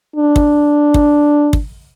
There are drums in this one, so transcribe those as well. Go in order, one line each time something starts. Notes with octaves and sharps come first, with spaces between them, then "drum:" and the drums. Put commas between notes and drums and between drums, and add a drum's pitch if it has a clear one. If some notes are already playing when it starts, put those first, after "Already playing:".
D4
drum: kick
drum: kick
drum: kick